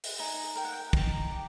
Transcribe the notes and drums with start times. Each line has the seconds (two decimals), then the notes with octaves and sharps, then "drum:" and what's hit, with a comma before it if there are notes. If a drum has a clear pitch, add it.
0.04 drum: open hi-hat
0.19 D#4 G#5
0.56 A#4 G5
0.65 F#5
0.72 G5
0.93 D#4, drum: kick
1.31 G4